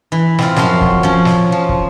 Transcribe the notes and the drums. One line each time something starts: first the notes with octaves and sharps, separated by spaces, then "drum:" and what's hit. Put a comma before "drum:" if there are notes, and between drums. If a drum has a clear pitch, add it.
E3
C4 F4, drum: snare
F#2 F3 F#4 F5 C6, drum: snare
drum: kick
F3 C#4
drum: snare
F3
drum: kick